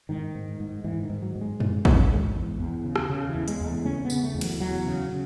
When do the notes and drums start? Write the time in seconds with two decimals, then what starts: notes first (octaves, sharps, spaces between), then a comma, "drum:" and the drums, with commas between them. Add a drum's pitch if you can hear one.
0.09 G#2 D#3
0.35 G#2
0.60 G#2
0.84 G#2 E3
1.03 D#3
1.10 G#2
1.22 F#3
1.35 G#2
1.41 G#3
1.60 G#2, drum: tom F#2
1.85 G#2, drum: kick
2.11 G#2
2.36 E2
2.60 E2
2.85 C#3
2.96 drum: rim click
3.10 C#3
3.29 E3
3.35 E2
3.48 G#3, drum: hi-hat
3.61 E2
3.66 A3
3.85 C#3 C#4
4.05 B3
4.10 C#3, drum: tambourine
4.23 A3
4.35 E2
4.41 F#3, drum: cymbal
4.60 E2 F#3
4.85 C#3
5.10 C#3